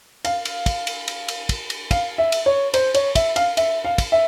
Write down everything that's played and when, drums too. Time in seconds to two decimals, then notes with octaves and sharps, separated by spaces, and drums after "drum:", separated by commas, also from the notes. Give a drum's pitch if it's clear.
0.25 F5, drum: cymbal
0.45 drum: cymbal
0.66 drum: kick, cymbal
0.87 drum: cymbal
1.08 drum: cymbal
1.28 drum: cymbal
1.49 drum: kick, cymbal
1.70 drum: cymbal
1.91 F5, drum: kick, cymbal
2.18 E5
2.32 drum: cymbal
2.46 C#5
2.74 C5, drum: cymbal
2.94 C#5, drum: cymbal
3.15 E5, drum: kick, cymbal
3.36 F5, drum: cymbal
3.57 E5, drum: cymbal
3.85 F5
3.98 drum: kick, cymbal
4.12 E5